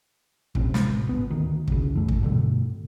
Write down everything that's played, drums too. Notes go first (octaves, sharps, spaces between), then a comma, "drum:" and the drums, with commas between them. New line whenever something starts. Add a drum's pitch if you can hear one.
D1 A1 A2 C3, drum: kick
drum: snare
G#1 B3
D2 D#3
C#2 F#2 C#3, drum: kick
E3 A3
drum: kick
G2 B2 D3 A3